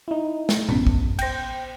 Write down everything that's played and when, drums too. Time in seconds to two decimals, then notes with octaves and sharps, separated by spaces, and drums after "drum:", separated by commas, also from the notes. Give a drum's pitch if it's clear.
0.08 D#4 E4
0.49 drum: snare
0.69 A1 F#2 B3 C#4, drum: tom B2
0.87 drum: kick
1.19 C5 G5 G6 A#6, drum: cymbal